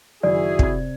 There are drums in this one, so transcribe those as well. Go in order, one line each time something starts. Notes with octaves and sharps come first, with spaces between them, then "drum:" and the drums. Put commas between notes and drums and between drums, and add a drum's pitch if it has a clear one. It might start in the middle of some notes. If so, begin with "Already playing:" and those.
F#1 D#3 E4 F#4 G#4 D5
C3 G#6, drum: kick